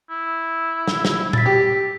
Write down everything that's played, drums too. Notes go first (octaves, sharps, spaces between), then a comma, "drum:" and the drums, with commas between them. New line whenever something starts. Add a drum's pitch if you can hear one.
E4
drum: snare
drum: snare
A6 B6, drum: tom A#2
G4